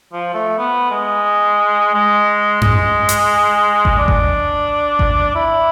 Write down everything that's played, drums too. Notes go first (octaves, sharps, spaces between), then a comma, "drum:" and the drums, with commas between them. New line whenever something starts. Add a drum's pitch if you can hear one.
F3
A3
B3
G#3
G#3
G#3, drum: tom F#2
drum: hi-hat
drum: kick G#1
D4
drum: kick G#1
drum: kick G#1
E4